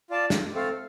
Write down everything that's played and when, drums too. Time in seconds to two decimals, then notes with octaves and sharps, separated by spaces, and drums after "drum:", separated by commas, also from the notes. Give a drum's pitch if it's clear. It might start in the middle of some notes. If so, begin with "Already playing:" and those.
0.10 F4 D5 A5
0.30 drum: snare
0.53 A3 C4 A4 F5